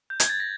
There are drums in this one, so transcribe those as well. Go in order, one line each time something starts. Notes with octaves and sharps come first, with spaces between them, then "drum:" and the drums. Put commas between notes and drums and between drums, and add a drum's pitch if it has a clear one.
G6
G#6, drum: hi-hat
A6
A#6